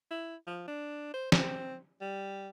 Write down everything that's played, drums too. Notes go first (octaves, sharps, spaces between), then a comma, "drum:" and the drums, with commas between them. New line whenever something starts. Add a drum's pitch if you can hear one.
E4
F3
D4
C5
C4, drum: snare
G3